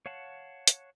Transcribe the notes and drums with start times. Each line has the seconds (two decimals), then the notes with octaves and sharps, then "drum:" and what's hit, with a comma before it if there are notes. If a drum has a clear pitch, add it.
0.06 C#5 F5 F#5 A5
0.67 drum: hi-hat